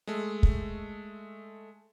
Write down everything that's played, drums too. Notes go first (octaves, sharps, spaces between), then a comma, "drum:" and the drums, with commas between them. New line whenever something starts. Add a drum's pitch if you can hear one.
G#3 A3
drum: kick